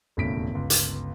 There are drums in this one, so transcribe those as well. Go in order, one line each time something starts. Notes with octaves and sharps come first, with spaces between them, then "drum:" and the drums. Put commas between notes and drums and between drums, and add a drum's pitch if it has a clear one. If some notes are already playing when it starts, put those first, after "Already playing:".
E1 D#2 A2 C#3 B6 D7
G1 C#2
drum: hi-hat